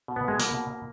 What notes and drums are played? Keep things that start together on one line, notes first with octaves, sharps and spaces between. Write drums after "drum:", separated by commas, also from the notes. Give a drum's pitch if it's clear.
B2
B3
B2 G#3
B2 A#3, drum: hi-hat
B2
B2